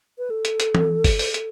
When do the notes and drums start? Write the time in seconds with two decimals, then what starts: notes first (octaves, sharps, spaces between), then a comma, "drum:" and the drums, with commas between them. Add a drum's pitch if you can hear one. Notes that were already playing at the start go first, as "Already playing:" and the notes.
0.18 B4
0.30 A4
0.45 drum: hi-hat
0.60 drum: hi-hat
0.75 drum: tom
1.04 drum: kick G1, open hi-hat
1.19 drum: open hi-hat
1.34 drum: hi-hat